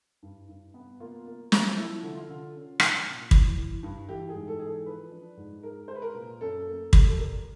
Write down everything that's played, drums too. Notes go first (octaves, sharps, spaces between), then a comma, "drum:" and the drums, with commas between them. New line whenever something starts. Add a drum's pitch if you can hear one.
G2
G2
B3
A#3 F4
A#3
F3, drum: snare
F3 E4
D3
F4
D3
C#4
A#3, drum: rim click
A#2
E3, drum: kick
E3
G2
E3 G4
G#4
G#2
A4
E3 G#4
A4
F3 B4
D4
G#2
G#3 A#4
G#3 C5
B4
A#4
A#2
F#2 A4
A#3
G3, drum: kick
A4
G3 A#4